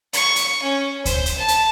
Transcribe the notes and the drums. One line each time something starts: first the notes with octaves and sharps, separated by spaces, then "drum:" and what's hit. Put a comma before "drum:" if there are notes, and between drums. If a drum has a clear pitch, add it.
C#6, drum: hi-hat
drum: hi-hat
C#4
C5, drum: kick D2, hi-hat
drum: hi-hat
A5
drum: hi-hat